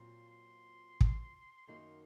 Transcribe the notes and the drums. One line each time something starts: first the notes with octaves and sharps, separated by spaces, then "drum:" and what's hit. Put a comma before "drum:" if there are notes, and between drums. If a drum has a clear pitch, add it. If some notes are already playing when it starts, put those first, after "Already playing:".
Already playing: A#2 F#3 C4 F4 C6
C6
drum: kick
F#2 D#3 A#3 D#4 F#4 C6